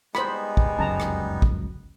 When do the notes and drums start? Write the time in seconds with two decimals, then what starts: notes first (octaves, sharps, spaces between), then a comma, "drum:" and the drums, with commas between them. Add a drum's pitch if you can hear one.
0.15 G3 G#3 B3 D#4 C5 B5, drum: rim click
0.57 drum: kick G#1
0.78 F1 C#2 F#2 A5 A#5
1.00 drum: rim click
1.42 drum: kick G#1